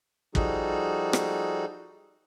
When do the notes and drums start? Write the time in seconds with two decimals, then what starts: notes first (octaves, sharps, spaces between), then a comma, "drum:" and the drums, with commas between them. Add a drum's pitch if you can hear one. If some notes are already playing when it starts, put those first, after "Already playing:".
0.35 F3 G3 D#4 F#4 G#4 A4, drum: kick
1.13 drum: rim click